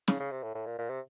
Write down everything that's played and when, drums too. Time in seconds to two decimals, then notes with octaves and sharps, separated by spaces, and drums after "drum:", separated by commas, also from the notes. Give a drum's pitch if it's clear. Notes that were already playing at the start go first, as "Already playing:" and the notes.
0.08 C#3, drum: snare
0.20 C#3
0.32 C3
0.43 A2
0.55 A2
0.66 A#2
0.79 A#2
0.90 C3